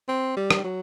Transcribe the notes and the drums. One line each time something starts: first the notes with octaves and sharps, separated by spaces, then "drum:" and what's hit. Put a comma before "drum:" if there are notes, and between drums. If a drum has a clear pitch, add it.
C4
G3
drum: rim click
F#3